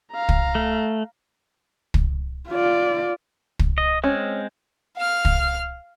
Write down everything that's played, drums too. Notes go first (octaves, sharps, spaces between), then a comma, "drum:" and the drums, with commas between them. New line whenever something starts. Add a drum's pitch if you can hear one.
F5 A#5
drum: kick
A3
drum: kick
F4 D5
drum: kick
D#5
G#3 C4 C#4
F5 F6
drum: kick